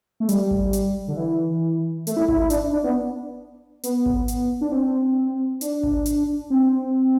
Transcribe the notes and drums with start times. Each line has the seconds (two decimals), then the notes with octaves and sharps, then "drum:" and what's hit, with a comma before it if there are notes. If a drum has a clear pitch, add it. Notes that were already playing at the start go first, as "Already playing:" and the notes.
0.20 A3
0.29 G3, drum: hi-hat
0.51 drum: kick G#1
0.73 drum: hi-hat
1.08 D3
1.17 E3
2.07 A3, drum: hi-hat
2.17 E4
2.28 E4, drum: kick G#1
2.39 E4
2.50 D4, drum: hi-hat
2.73 D4
2.84 B3
3.83 B3, drum: hi-hat
4.06 drum: kick G#1
4.28 drum: hi-hat
4.61 D4
4.72 C4
5.61 D4, drum: hi-hat
5.83 drum: kick G#1
6.06 drum: hi-hat
6.50 C4